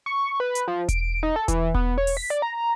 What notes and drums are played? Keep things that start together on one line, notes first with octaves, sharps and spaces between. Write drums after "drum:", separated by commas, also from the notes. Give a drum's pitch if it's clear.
C#6
B4
drum: hi-hat
F3
D7, drum: kick E1, hi-hat
D#4
A4
E3, drum: kick E1, hi-hat
B3, drum: kick E1
C#5
drum: open hi-hat
B6
D5
A#5